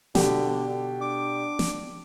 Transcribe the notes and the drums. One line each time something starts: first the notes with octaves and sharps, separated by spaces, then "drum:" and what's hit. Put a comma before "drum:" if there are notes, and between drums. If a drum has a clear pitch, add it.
B2 D3 G4, drum: snare
D4 D6
drum: snare